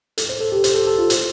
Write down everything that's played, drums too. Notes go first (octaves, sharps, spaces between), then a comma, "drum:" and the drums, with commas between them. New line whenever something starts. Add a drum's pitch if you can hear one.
A4, drum: hi-hat
C5
A4
G4
C5, drum: hi-hat
A4
A4
F4
drum: hi-hat